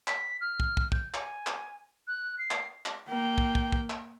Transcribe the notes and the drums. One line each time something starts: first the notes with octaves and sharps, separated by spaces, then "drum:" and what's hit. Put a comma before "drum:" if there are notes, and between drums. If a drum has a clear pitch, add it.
B6, drum: clap
F6
drum: kick
drum: kick
G6, drum: kick
G#5, drum: clap
drum: clap
F#6
C7
drum: clap
drum: clap
A#3 G5
drum: kick
drum: kick
drum: kick
drum: clap